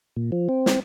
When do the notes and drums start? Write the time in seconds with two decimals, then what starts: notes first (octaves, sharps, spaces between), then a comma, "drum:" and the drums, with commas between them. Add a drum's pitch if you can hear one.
0.16 A#2
0.32 F3
0.49 C4
0.66 drum: snare